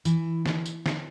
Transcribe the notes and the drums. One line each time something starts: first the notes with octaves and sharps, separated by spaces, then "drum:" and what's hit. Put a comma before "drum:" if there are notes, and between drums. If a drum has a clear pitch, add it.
E3, drum: tambourine
drum: snare
drum: tambourine
drum: snare